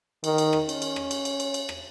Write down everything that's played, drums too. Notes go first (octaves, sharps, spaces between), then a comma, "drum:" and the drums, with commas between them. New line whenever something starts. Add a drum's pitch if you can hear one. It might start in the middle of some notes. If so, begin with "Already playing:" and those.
D#3, drum: cymbal
drum: cymbal
drum: rim click
C#4, drum: cymbal
drum: cymbal
drum: rim click
drum: cymbal
drum: cymbal
drum: cymbal
drum: cymbal
drum: rim click